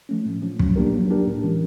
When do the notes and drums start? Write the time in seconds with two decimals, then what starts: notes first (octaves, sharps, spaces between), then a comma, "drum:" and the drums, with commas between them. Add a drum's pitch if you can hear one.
0.09 F3 A3 C#4
0.26 A2
0.42 F3 A3 C#4
0.59 F#3, drum: kick
0.76 A#3 D4 G4 A#4
0.93 F#3
1.10 A#3 D4 G4 A#4
1.27 A2
1.44 E3 G#3 C#4